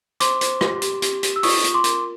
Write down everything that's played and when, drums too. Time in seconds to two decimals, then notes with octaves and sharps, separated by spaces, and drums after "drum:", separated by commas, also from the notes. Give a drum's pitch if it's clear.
0.20 C5 C6 D6, drum: hi-hat
0.41 C5, drum: hi-hat
0.61 G4, drum: rim click
0.82 G4, drum: hi-hat
1.02 G4, drum: hi-hat
1.23 G4, drum: hi-hat
1.36 E6
1.43 F4 C#6 D#6, drum: open hi-hat
1.64 F4, drum: hi-hat
1.74 C6 D6
1.84 A#4, drum: hi-hat